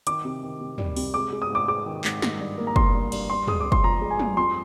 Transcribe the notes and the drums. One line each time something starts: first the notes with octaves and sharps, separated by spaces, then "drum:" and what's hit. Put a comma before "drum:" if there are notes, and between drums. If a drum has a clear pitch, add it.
D#3 D6, drum: hi-hat
C3
D#3
C3
G3, drum: tom
C3, drum: open hi-hat
G#3 D6
G#3
D#6
G#2 D6
G#3 D6
D#3
G#2, drum: clap
D#3, drum: snare
G2
A#3
A#5
A#3 C6, drum: kick
G2
G2, drum: cymbal
G2 C6
G#3 D#6, drum: tom
D6
G#3
C6, drum: kick
F3 A#5
G#3
G#5
G2, drum: tom
F2 C6